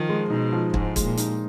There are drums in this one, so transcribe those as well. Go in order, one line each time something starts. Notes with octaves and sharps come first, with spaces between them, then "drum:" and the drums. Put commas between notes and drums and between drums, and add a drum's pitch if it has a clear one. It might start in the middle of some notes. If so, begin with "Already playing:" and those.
Already playing: D#3 F3
G#3
B2 D#4
F3
G#2 F3, drum: kick
G#3, drum: kick, hi-hat
A#2
D#4, drum: hi-hat